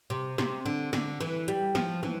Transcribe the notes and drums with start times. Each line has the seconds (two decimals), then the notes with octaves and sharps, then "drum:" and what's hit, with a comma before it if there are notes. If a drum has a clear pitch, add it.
0.10 C3
0.38 C3, drum: snare
0.66 D3
0.93 D3, drum: snare
1.20 E3
1.48 G3, drum: hi-hat
1.75 F3, drum: snare
2.03 E3, drum: tom